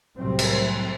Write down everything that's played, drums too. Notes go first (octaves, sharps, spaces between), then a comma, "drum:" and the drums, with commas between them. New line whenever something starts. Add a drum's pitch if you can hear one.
C2 A2 C3 F#3 G3 C4
drum: cymbal